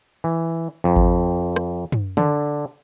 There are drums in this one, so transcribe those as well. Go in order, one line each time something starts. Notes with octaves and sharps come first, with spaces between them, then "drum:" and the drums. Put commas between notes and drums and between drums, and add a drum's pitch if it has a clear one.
E3
F2
drum: kick G#1
drum: rim click
drum: tom
D3, drum: tom D3